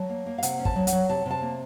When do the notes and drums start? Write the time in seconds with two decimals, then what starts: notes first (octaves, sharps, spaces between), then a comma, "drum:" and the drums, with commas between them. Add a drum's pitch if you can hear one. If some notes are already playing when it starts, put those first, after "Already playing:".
Already playing: F#3 A5
0.09 A#3
0.26 A#3
0.38 F5
0.43 C3 F#5, drum: hi-hat
0.59 C#4
0.65 A5, drum: kick
0.76 F#3
0.87 F#5, drum: hi-hat
0.92 F#3
1.09 C3 A5
1.26 C3 A5
1.42 A#3